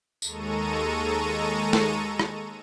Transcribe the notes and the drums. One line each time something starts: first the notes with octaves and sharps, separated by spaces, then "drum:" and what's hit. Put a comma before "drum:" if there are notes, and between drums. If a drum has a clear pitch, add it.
D#2 G#3 A4 A#5 C#6 D#7, drum: tambourine
drum: snare
drum: rim click